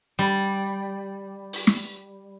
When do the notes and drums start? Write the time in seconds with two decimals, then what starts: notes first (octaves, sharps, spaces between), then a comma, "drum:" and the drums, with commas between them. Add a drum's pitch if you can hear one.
0.19 G3
1.53 drum: open hi-hat
1.67 drum: snare